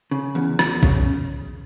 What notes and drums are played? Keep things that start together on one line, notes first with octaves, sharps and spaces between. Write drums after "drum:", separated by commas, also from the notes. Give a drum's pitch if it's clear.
C#3
E2
E2, drum: rim click
C#3, drum: kick